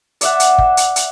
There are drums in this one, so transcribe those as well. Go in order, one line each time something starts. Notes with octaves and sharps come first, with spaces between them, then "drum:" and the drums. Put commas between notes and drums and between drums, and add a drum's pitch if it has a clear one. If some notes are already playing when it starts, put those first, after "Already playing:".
D5 E5 F#5, drum: hi-hat
drum: hi-hat
drum: kick
drum: hi-hat
drum: hi-hat